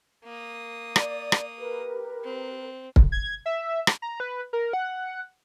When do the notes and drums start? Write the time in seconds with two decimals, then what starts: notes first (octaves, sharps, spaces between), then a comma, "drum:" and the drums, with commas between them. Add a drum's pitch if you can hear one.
0.25 A#3 D#6
0.96 D5, drum: rim click
1.32 drum: rim click
1.58 G4 A#4 B4
2.24 C4
2.96 drum: kick
3.12 G#6
3.46 E5
3.87 drum: rim click
4.02 A#5
4.20 B4
4.53 A#4
4.73 F#5